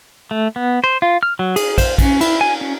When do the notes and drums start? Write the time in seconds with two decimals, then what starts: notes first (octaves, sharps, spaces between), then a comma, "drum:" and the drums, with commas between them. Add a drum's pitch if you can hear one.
0.31 A3
0.56 B3
0.84 C5
1.02 F4
1.23 F6
1.39 F#3
1.56 G#4, drum: cymbal
1.78 C5, drum: kick, cymbal
1.98 C#4, drum: kick, cymbal
2.21 E4, drum: cymbal
2.41 G#5
2.61 C#4